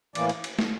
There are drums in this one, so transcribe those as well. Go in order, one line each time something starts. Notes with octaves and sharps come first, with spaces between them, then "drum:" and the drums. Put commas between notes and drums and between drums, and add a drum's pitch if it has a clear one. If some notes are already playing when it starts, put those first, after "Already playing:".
A2 E3 A#3 D5, drum: cymbal
drum: cymbal
drum: cymbal
drum: snare